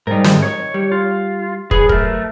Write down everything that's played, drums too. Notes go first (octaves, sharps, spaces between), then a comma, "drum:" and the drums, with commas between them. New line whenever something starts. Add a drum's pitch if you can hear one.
G#2 G3 D#4 A#4
drum: snare
C#5
G3
F4
F#3 G#4 B4, drum: kick
A3 A#4, drum: kick